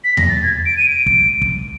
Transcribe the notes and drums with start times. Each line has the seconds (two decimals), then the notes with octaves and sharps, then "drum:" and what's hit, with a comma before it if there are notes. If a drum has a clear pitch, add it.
0.04 B6
0.17 A#6, drum: tom E2
0.29 A6
0.43 G#6
0.66 D7
0.77 D#7
0.89 D7
1.06 drum: kick
1.42 drum: kick